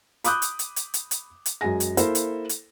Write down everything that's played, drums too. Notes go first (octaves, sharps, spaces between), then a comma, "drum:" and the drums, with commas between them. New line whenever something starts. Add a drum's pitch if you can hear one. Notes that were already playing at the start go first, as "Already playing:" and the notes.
B5 D6 D#6 F#6 G6, drum: hi-hat
drum: hi-hat
drum: hi-hat
drum: hi-hat
drum: hi-hat
drum: hi-hat
drum: hi-hat
F#2 G#3 G#5 A#6
drum: hi-hat
A#3 E4 A4 A#4 C5, drum: hi-hat
drum: hi-hat
drum: hi-hat